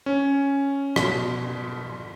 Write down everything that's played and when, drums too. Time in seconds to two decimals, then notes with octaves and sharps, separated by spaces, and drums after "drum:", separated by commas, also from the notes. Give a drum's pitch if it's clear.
0.06 C#4
0.96 B2, drum: rim click